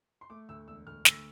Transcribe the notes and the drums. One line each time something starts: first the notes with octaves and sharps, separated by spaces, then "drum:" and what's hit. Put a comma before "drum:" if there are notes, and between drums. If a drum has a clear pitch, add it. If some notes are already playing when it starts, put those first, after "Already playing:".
C6
A3 D6
D2 E6
E1 E6
D2 F6
D2 E6, drum: snare